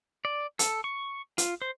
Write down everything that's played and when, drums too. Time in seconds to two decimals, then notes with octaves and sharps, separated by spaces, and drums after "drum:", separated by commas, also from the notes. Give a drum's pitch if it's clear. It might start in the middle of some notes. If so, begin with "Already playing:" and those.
0.25 D5
0.59 A4, drum: hi-hat
0.84 C#6
1.38 F4, drum: hi-hat
1.62 C5